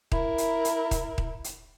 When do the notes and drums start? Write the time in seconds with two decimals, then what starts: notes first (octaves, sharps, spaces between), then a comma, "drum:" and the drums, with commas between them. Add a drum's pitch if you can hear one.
0.12 E4 A#4, drum: kick D#1
0.38 drum: hi-hat
0.65 drum: hi-hat
0.91 drum: kick D#1, hi-hat
1.18 drum: kick D#1
1.44 drum: hi-hat